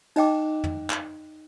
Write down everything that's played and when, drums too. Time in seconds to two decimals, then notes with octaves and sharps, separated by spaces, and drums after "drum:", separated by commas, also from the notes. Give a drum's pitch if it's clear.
0.16 D#4 D#5 G5 D6, drum: cymbal
0.64 drum: tom
0.90 drum: clap